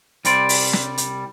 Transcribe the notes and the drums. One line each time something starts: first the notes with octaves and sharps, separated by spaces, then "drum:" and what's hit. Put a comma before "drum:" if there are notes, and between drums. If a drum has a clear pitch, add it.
C2 G3 C5 D5, drum: hi-hat
drum: open hi-hat
drum: snare
drum: hi-hat